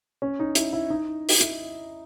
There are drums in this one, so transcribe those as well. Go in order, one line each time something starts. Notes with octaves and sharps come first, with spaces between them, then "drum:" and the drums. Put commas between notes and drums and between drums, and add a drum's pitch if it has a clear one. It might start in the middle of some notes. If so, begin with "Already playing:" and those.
C#4
D#4
E4, drum: hi-hat
E4
D#4
drum: open hi-hat
E4, drum: hi-hat